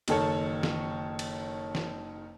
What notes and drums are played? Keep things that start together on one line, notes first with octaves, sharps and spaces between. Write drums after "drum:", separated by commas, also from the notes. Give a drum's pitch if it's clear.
F#1 D#3 A4 C#5, drum: cymbal
drum: snare
drum: cymbal
drum: snare